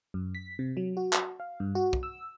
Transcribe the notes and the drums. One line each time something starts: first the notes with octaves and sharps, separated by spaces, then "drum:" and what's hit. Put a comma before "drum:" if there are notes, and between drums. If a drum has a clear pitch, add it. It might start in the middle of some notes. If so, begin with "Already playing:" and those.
F#2
B6
C3
F#3
F#4
drum: clap
F5
G2
F#4
drum: kick
E6